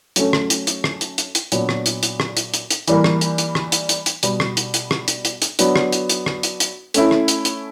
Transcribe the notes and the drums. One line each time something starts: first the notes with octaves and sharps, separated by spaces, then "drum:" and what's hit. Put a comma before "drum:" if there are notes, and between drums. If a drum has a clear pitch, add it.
F#3 A3 C#4, drum: hi-hat
drum: rim click
drum: hi-hat
drum: hi-hat
drum: rim click
drum: hi-hat
drum: hi-hat
drum: hi-hat
A#2 F#3 B3 D4, drum: hi-hat
drum: rim click
drum: hi-hat
drum: hi-hat
drum: rim click
drum: hi-hat
drum: hi-hat
drum: hi-hat
E3 G3 A#3, drum: hi-hat
drum: rim click
drum: hi-hat
drum: hi-hat
drum: rim click
drum: hi-hat
drum: hi-hat
drum: hi-hat
B2 G3 B3, drum: hi-hat
drum: rim click
drum: hi-hat
drum: hi-hat
drum: rim click
drum: hi-hat
drum: hi-hat
drum: hi-hat
F#3 B3 D4 F#4 B4, drum: hi-hat
drum: rim click
drum: hi-hat
drum: hi-hat
drum: rim click
drum: hi-hat
drum: hi-hat
A3 C#4 E4, drum: hi-hat
drum: rim click
drum: hi-hat
drum: hi-hat